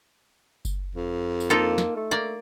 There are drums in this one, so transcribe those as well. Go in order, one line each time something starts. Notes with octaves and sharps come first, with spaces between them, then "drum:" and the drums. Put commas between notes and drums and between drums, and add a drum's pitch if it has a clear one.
drum: kick F#1, tambourine
F2
drum: tambourine
A#3 D#4 F4 A4
drum: snare
A3
A#3 D5